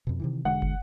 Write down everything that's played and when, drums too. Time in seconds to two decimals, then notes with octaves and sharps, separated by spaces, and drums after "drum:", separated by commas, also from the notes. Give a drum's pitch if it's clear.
0.07 F2 B2
0.20 C3 D#3 E3
0.45 E1 D3 G#3 F#5
0.62 drum: kick